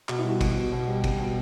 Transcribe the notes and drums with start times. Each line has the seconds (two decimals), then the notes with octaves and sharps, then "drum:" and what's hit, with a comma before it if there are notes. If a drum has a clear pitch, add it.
0.09 B2 F#4, drum: clap
0.19 E4
0.24 G3 F#4
0.41 B2, drum: kick, cymbal
0.56 B2
0.72 B2
0.88 G3
1.04 G3, drum: kick, cymbal
1.20 B2